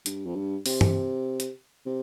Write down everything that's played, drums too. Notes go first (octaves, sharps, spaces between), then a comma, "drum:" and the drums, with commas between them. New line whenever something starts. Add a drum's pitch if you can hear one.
G2, drum: hi-hat
F2
G2
C3, drum: open hi-hat
drum: tom
drum: hi-hat
C3